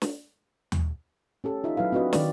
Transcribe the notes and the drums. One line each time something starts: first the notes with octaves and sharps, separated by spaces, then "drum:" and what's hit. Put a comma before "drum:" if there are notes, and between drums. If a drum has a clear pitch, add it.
drum: snare
drum: tom D#2
C#4 G4 A4
D#4 F4 E5
F#3 E4 B4 F5
C4 D4 F#4 B4 D#5
D#3 D5, drum: snare